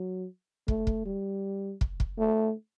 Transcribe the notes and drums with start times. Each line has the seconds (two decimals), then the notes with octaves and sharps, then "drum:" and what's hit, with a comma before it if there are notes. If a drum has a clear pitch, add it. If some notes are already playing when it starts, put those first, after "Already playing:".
Already playing: F#3
0.68 A3, drum: kick
0.87 drum: kick
1.06 G3
1.81 drum: kick
2.00 drum: kick
2.19 A3